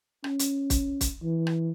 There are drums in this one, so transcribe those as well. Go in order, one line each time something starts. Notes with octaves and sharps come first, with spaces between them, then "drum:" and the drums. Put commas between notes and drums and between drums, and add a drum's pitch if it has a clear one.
C#4, drum: rim click
drum: hi-hat
drum: kick, hi-hat
drum: kick, hi-hat
E3
drum: rim click